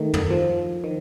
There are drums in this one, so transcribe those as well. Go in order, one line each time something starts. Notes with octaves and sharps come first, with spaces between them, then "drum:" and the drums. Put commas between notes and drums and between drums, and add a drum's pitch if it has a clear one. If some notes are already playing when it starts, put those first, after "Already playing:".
Already playing: D#3 A3
drum: tom
F3
D#3